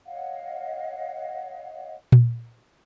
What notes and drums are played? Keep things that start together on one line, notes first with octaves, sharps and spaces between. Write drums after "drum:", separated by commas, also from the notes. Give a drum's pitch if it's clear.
C#5 D#5 F5 F#5
drum: tom A#2